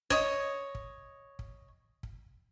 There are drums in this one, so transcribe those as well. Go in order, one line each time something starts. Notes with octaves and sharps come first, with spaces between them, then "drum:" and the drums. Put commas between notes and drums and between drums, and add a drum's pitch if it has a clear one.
C#5 D#5, drum: kick
drum: kick
drum: kick
drum: kick